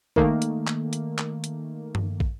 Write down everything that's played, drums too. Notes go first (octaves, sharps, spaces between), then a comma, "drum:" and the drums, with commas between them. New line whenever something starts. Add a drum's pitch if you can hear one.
D#3 A3 A#3, drum: kick
drum: hi-hat
drum: clap
drum: hi-hat
drum: clap
drum: hi-hat
drum: tom G2
drum: kick